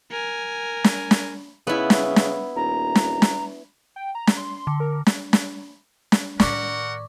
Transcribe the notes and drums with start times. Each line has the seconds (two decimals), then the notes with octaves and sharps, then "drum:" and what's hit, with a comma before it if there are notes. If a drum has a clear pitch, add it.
0.11 A#4 G#5
0.84 drum: snare
1.11 drum: snare
1.67 C#3 B3 E4
1.90 drum: snare
2.16 drum: snare
2.56 D#1 A#5
2.95 drum: snare
3.22 drum: snare
3.96 G5
4.15 A#5
4.27 drum: snare
4.37 C6
4.67 D3
4.80 A#4
5.07 drum: snare
5.33 drum: snare
6.12 drum: snare
6.40 A2 D#3 A#4 D5 F#5 C#6 D6, drum: snare